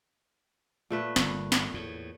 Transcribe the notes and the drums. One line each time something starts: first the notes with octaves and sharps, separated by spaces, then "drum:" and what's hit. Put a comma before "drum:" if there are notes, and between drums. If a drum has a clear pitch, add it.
A#2 A3 B4
G1, drum: snare
drum: snare
E2 A2